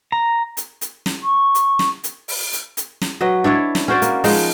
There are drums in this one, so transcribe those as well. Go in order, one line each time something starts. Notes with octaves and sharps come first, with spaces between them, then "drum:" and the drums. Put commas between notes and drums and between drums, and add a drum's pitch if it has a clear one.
A#5
drum: hi-hat
drum: hi-hat
drum: snare
C#6
drum: hi-hat
drum: snare
drum: hi-hat
drum: open hi-hat
drum: hi-hat
drum: hi-hat
drum: snare
F#3 B4 D#5
D4 E4 C#5 D5
drum: snare
C#4 F#4 C5 D5
A#3, drum: hi-hat
F3 G#3 D#4 D#5, drum: open hi-hat